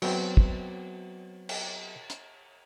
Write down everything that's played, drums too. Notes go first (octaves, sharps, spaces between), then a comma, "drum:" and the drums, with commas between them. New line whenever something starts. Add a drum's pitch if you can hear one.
F#3 B3 C4, drum: cymbal
drum: kick
drum: cymbal
drum: hi-hat